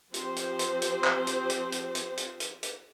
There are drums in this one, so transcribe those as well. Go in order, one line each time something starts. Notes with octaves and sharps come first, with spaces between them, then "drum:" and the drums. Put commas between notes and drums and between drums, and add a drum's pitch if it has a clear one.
F3 C4 G4 C5, drum: hi-hat
drum: hi-hat
drum: hi-hat
drum: hi-hat
drum: clap
drum: hi-hat
drum: hi-hat
drum: hi-hat
drum: hi-hat
drum: hi-hat
drum: hi-hat
drum: hi-hat